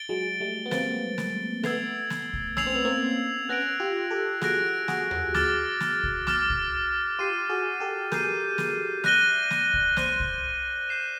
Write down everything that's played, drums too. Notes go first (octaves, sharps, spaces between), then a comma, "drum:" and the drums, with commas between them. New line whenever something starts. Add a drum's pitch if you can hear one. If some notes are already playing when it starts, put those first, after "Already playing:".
Already playing: A6 D7 G7
F#3 G#3
G3 A3
B3
A#3 C4 A6 D7 G7, drum: snare
drum: snare
A3 B3 E6 G#6 C7 F7, drum: snare
drum: snare
drum: kick C2
C#4 E6 G#6 C7 F7, drum: snare
C4
B3
A#3 C4
B3 C#4 F#6 A#6 D7
F4 G4
G4 A4
F#4 G#4 F#6 A#6 D7, drum: snare
F#4 G#4, drum: snare
drum: tom D#2
D6 F6 A6, drum: snare
drum: snare
drum: kick C2
D6 F6 A6, drum: snare
drum: kick C2
F4 G4 G6 C7 D#7
F#4 G#4
G4 A4
G#4 A#4 G6 C7 D#7, drum: snare
drum: snare
D5 E5 F#6 A#6 D#7 G7, drum: snare
drum: snare
drum: kick C2
C5 D5 F#6 A#6 D#7 G7, drum: snare
drum: kick C2
G6 C7 E7